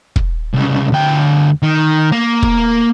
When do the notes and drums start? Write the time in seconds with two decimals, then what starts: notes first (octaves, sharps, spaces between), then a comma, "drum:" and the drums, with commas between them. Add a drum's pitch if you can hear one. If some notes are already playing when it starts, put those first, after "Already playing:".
0.16 drum: kick
0.54 C2 C#3
0.93 D2 G5
1.63 D#3
2.12 A#3
2.42 drum: kick